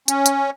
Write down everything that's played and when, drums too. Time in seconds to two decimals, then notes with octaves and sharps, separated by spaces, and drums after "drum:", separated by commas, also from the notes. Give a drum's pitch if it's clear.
0.08 C#4, drum: hi-hat
0.26 drum: hi-hat